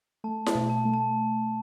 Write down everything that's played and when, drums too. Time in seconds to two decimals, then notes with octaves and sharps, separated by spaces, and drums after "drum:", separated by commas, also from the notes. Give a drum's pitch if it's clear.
0.24 A3 A5
0.46 A5, drum: snare E4
0.55 B2
0.70 A5
0.85 A3
0.94 A5